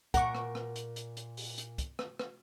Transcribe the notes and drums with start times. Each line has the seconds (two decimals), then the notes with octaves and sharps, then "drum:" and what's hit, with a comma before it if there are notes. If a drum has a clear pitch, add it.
0.14 A#2 A#4 F#5 C#6, drum: kick, hi-hat
0.35 drum: rim click
0.55 drum: rim click
0.76 drum: hi-hat
0.96 drum: hi-hat
1.17 drum: hi-hat
1.37 drum: open hi-hat
1.58 drum: hi-hat
1.78 drum: kick, hi-hat
1.99 drum: rim click
2.19 drum: rim click